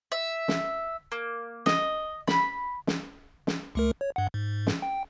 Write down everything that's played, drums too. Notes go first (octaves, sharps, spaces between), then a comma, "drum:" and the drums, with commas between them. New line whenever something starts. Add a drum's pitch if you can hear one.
E5
drum: snare
A#3
D#5, drum: snare
B5, drum: snare
drum: snare
drum: snare
C#2 A3 A#4
C#5
G2 F#5
G#2
drum: snare
G5